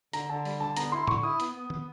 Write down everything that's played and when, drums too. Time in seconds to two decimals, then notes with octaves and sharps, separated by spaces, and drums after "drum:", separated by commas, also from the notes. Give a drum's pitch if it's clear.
0.13 D3 A#5, drum: hi-hat
0.29 D3 A5
0.45 G3, drum: open hi-hat
0.60 D3 A5
0.77 B3 A#5, drum: hi-hat
0.92 E4 C6
1.07 D3 C#6, drum: tom
1.23 E4 D#6
1.40 B3, drum: hi-hat
1.55 B3
1.70 B3, drum: tom